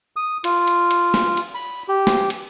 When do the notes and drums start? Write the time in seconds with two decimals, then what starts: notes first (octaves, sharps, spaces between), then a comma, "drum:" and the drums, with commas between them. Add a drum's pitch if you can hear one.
0.16 D#6
0.44 F4, drum: cymbal
0.67 drum: cymbal
0.91 drum: cymbal
1.14 drum: snare
1.37 drum: cymbal
1.55 B5
1.88 G4
2.07 drum: snare
2.30 drum: cymbal